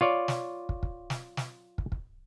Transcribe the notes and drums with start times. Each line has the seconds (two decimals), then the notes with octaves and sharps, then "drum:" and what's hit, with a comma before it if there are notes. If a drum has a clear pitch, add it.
0.01 F4 C#5 D5
0.28 drum: snare
0.69 drum: kick
0.83 drum: kick
1.10 drum: snare
1.37 drum: snare
1.78 drum: kick
1.92 drum: kick